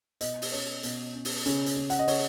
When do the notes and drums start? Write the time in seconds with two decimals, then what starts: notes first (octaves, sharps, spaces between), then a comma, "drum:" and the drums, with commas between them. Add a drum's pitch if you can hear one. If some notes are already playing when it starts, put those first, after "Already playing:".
0.21 B2 D#5, drum: hi-hat
0.42 drum: open hi-hat
0.52 C#4 C#5
0.83 B2, drum: hi-hat
1.14 C#4
1.25 drum: open hi-hat
1.46 C#3, drum: hi-hat
1.66 drum: hi-hat
1.77 C#3
1.90 F#5, drum: hi-hat
1.99 D#5
2.08 C#3 C#5, drum: open hi-hat